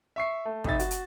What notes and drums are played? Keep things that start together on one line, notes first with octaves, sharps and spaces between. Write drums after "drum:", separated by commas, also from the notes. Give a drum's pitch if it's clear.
E5 C#6 C7
A3
F1 D#4 E5 A6, drum: kick
F#4, drum: hi-hat
drum: hi-hat